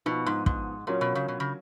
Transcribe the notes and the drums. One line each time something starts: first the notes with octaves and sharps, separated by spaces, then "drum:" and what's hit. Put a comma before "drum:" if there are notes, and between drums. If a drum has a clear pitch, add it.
B2 F3 B3 D#4
G#2
G#2, drum: kick
A#2 F#3 C#4 F4 A#4 C#5
B2
C#3
B2
C#3